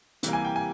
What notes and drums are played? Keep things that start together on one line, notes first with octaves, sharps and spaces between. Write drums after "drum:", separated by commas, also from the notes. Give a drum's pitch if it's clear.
C3 E3 G3 A#3, drum: hi-hat
G#5
G5
G#5